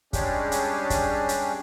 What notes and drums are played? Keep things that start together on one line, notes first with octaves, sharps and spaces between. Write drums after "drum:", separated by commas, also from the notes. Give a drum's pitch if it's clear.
G3 G#3 C#4 D4 G4 G#4, drum: kick, hi-hat
drum: hi-hat
drum: kick, hi-hat
drum: hi-hat